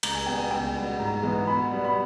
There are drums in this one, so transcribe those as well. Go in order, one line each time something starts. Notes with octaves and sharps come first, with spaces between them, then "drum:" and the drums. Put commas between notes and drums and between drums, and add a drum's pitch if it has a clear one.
C#2 A#5, drum: cymbal
G#5
B2 G3 B3 G5
G#5
C#2 G5
B2 G3
G#2 A#5
E3 G#3 B3
B2 B5
G3 B3
B5